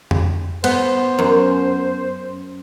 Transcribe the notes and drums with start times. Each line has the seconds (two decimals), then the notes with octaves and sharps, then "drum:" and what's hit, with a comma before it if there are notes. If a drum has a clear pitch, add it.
0.11 drum: tom F2
0.64 B3 C5, drum: cymbal
1.19 F#2